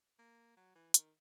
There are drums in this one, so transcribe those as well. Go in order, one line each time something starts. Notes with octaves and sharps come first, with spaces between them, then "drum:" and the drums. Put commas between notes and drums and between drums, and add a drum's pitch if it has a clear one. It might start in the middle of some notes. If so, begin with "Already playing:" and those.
A#3
F#3
E3
D#3, drum: hi-hat